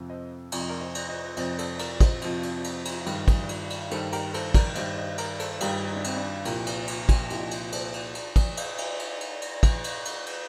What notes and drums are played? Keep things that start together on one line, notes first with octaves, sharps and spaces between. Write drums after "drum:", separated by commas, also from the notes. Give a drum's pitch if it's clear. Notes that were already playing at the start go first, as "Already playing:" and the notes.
Already playing: F2 C3 F3
C5 D#5
F2 C3 F3 D5, drum: cymbal
D#5
A#4 D5
C5 D#5
drum: cymbal
C5 D#5
F2 C3 F3 C5 D#5, drum: cymbal
A4 C5, drum: cymbal
A#4 D5, drum: cymbal
C5 D#5, drum: kick, cymbal
F2 C3 F3 C5 D#5, drum: cymbal
drum: cymbal
drum: cymbal
drum: cymbal
G2 D#3 G3, drum: cymbal
drum: kick, cymbal
drum: cymbal
drum: cymbal
G2 D#3 G3 A4 C5, drum: cymbal
G4 A#4, drum: cymbal
A4 C5, drum: cymbal
A#4 D5, drum: kick, cymbal
G2 D#3 G3 C5 D#5, drum: cymbal
C5 D#5
A#4 D5, drum: cymbal
A4 C5, drum: cymbal
G2 D#3 G3 G4 A#4, drum: cymbal
D#4
D4
C4 D#4, drum: cymbal
D4
C2 A#2 F3 G4 A#4, drum: cymbal
drum: cymbal
drum: cymbal
drum: kick, cymbal
C2 A#2 F3 D#4 G4, drum: cymbal
drum: cymbal
A4 C5, drum: cymbal
drum: cymbal
drum: cymbal
drum: kick, cymbal
drum: cymbal
drum: cymbal
drum: cymbal
drum: cymbal
drum: cymbal
drum: kick, cymbal
drum: cymbal
drum: cymbal
drum: cymbal